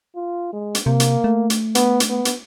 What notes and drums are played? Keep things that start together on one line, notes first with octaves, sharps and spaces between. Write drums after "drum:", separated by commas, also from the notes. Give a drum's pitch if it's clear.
F4
G#3
drum: hi-hat
C3 A#3
drum: hi-hat
A3
drum: hi-hat
B3, drum: hi-hat
drum: hi-hat
B3
drum: hi-hat